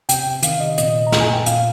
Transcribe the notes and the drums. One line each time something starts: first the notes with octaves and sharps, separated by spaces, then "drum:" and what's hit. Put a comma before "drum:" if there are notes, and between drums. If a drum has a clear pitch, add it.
C3 G5, drum: hi-hat
C3
D#3 F5, drum: hi-hat
C3 D#5
A#2 D#5, drum: hi-hat
A#2
A#5
A#2, drum: snare
G#5
A#2 G5
A#2 F5, drum: hi-hat